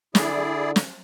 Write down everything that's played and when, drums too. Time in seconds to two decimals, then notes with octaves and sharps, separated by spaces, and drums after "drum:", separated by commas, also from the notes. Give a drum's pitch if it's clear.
0.15 D3 E4 G#4 D5, drum: snare
0.76 drum: snare